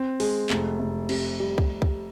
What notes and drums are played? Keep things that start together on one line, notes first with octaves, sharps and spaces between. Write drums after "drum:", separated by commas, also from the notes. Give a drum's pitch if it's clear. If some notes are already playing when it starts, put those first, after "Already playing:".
Already playing: C4
G#3, drum: open hi-hat
F1, drum: clap
F1
C3, drum: cymbal
G3
drum: kick
drum: kick